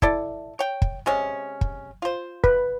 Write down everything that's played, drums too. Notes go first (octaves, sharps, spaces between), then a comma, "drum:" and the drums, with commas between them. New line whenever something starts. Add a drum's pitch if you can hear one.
E4 A4 D5, drum: kick
C#5 G5
drum: kick
C3 G#3 C#4
drum: kick
F4 C5
B4, drum: kick